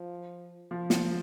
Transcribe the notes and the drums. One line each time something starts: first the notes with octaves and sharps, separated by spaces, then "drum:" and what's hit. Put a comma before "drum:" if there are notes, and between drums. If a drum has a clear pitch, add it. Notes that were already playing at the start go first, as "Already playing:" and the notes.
Already playing: F3
F3
F3, drum: snare